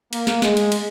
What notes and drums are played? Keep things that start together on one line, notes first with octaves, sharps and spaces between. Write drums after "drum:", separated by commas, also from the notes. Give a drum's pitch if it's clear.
A#3, drum: cymbal
drum: snare
G#3, drum: snare
drum: cymbal
drum: cymbal